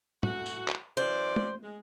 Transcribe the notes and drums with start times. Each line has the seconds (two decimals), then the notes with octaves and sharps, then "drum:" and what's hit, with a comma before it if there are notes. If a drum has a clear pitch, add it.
0.23 E3 A3 F#4, drum: tom
0.46 drum: tambourine
0.68 drum: clap
0.97 F#2 E3 C5 D5
1.36 drum: tom G#3
1.63 G#3